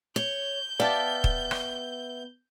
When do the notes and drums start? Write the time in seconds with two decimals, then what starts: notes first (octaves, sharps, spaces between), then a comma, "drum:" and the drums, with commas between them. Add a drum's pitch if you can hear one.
0.16 C#5 G6
0.80 B3 G4 D5 E5 F5 G5 A5
1.24 drum: kick
1.51 drum: rim click